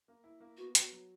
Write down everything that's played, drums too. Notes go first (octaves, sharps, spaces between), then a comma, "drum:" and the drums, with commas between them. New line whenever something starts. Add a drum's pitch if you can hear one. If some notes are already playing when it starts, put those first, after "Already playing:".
A#3
E4
A#3
B3 F#4
B3, drum: hi-hat
F#4
F#3